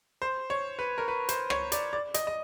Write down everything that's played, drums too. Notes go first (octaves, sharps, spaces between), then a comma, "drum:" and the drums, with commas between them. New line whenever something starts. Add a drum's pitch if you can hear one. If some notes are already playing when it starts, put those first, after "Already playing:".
C5
C#5
B4
A#4
B4
C5, drum: hi-hat
C#5, drum: rim click
D5, drum: hi-hat
D5
D#5, drum: hi-hat
D#5